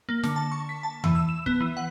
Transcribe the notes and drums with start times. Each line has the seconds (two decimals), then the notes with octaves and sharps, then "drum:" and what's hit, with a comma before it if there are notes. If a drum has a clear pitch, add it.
0.09 A#3
0.23 D3, drum: snare
0.36 A5
0.52 C#6
0.69 B6
0.83 A5
1.04 E3, drum: tom E2
1.15 E6
1.29 E7
1.46 B3, drum: kick
1.60 E3
1.77 F#5